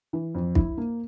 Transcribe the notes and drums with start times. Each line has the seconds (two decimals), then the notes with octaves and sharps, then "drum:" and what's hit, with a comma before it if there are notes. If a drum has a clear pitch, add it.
0.13 E3
0.35 F2
0.55 E4, drum: kick
0.77 A#3